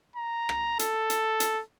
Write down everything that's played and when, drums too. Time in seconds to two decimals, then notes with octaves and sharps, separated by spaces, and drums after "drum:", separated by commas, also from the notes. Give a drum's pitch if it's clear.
0.16 A#5
0.49 drum: rim click
0.79 A4, drum: hi-hat
1.10 drum: hi-hat
1.40 drum: hi-hat